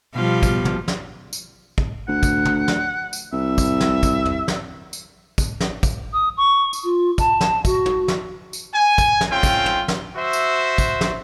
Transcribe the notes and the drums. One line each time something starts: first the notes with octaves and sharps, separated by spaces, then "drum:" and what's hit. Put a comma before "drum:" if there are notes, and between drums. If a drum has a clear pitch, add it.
B2 F3 G3 F4
drum: kick, tambourine
drum: tom
drum: snare
drum: tambourine
drum: kick
D2 F#5
drum: kick, tambourine
drum: tom
drum: snare
drum: tambourine
C2 E5
drum: kick, tambourine
drum: snare
drum: kick, tambourine
drum: tom
drum: snare
drum: tambourine
drum: kick, tambourine
drum: snare
drum: kick, tambourine
D#6
C#6
drum: tambourine
F4
A5, drum: kick, tambourine
drum: snare
F#4, drum: kick, tambourine
drum: tom
drum: snare
drum: tambourine
G#5
drum: kick, tambourine
drum: snare
A3 C4 C#4 F4 G5
drum: kick, tambourine
drum: tom
drum: snare
F#4 C5 E5
drum: tambourine
drum: kick, tambourine
drum: snare